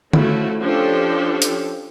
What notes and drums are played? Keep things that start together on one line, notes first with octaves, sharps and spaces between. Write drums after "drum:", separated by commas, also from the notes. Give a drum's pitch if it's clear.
F3 A3 C#4 E4 F#4, drum: tom
F3 C#4 D4 G4 A4 G5
drum: hi-hat